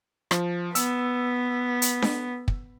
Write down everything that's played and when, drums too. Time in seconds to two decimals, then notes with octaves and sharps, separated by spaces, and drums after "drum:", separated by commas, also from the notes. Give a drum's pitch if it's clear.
0.31 F3, drum: rim click
0.75 B3 E6, drum: hi-hat
1.82 drum: hi-hat
2.02 drum: snare D4
2.48 drum: kick